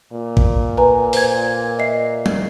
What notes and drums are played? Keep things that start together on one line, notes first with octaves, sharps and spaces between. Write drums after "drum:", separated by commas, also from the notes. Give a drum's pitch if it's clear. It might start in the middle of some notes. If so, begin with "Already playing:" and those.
A#2
drum: kick
B4 G#5 A#5
C5 G#6, drum: open hi-hat
D#5 E5 C7
drum: tom F#3